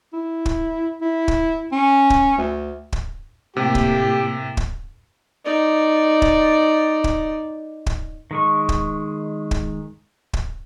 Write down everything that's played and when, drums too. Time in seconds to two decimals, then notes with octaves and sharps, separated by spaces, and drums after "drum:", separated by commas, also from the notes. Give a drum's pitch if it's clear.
0.13 E4
0.46 drum: kick
1.01 E4
1.28 drum: kick
1.72 C#4
2.10 drum: kick
2.38 D2
2.93 drum: kick
3.57 A2 C3 A#3 G4
3.75 drum: kick
4.57 drum: kick
5.45 D#4 D5
6.22 drum: kick
7.04 drum: kick
7.86 drum: kick
8.31 D#3 G#3 C#6
8.69 drum: kick
9.51 drum: kick
10.33 drum: kick